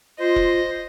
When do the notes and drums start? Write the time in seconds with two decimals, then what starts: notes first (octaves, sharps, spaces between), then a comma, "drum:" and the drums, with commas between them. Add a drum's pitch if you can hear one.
0.20 F4 C5 D#5
0.36 drum: kick E1